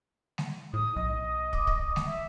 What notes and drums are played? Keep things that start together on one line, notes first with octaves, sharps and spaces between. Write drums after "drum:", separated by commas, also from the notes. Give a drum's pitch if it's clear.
drum: snare G#3
A2 D#6
B1 D#5
D6 D#6, drum: kick
drum: kick
drum: snare G#3
E5